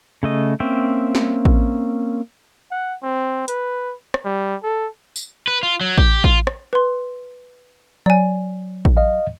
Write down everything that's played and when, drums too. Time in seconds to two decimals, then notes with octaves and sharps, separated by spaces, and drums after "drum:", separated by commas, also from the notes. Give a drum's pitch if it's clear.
0.23 C#3 A3 D#5
0.60 A#3 C4 C#4 E5 G5
1.15 drum: snare
1.45 drum: kick A1
2.71 F#5
3.03 C4
3.48 B4, drum: hi-hat
4.14 drum: rim click
4.25 G3
4.63 A4
5.16 drum: tambourine
5.48 B4
5.63 F4
5.81 F#3
5.98 G4, drum: kick A1
6.24 F4, drum: kick A1
6.47 drum: rim click
6.73 B4 C6
8.06 F#3 D5 G#5
8.85 drum: kick A1
8.97 D#5 F5